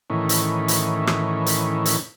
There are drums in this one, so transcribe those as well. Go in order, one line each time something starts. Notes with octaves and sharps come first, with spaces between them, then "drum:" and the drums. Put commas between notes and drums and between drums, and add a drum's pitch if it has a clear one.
A2 D#3 E3 C#4
drum: hi-hat
drum: hi-hat
drum: rim click
drum: hi-hat
drum: hi-hat